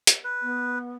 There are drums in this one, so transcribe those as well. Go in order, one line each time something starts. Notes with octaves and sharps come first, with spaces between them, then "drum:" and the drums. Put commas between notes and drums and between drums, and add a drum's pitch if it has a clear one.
drum: hi-hat
B4
B3